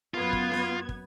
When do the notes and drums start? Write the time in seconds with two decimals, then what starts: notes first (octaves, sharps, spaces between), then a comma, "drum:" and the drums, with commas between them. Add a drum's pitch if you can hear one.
0.14 F#2 B3 F4 G#6
0.33 drum: kick
0.51 drum: snare B3
0.89 drum: kick